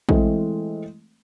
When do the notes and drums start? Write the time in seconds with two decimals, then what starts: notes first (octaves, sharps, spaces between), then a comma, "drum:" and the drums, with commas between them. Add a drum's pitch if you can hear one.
0.09 E3 G#3 A3 C4, drum: kick